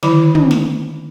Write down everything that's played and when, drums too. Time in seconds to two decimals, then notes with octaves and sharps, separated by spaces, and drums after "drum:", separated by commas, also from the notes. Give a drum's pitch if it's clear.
0.03 D3 D#3 F#3 E4 B5, drum: snare
0.35 drum: tom
0.51 drum: snare